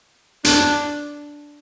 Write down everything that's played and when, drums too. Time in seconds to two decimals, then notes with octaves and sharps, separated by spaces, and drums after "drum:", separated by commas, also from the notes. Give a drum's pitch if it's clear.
0.44 D4, drum: hi-hat